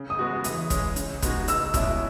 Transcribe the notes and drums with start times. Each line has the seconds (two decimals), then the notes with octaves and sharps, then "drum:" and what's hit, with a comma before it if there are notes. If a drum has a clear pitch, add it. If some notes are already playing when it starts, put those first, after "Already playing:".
Already playing: C#3
0.10 D#6
0.19 G#3 B3 F#4
0.44 E3 D#6, drum: hi-hat
0.70 G#3 C#4, drum: kick, hi-hat
0.96 C#3, drum: hi-hat
1.22 G#3 B3 D#4 F#4, drum: kick, hi-hat
1.48 C#2 E6, drum: hi-hat
1.74 B2 G#3 C#4 E4, drum: kick, hi-hat